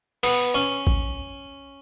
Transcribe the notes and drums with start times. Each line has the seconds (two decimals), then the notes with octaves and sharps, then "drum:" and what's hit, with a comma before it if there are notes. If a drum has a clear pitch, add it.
0.23 B3, drum: open hi-hat
0.55 C#4
0.87 drum: kick A1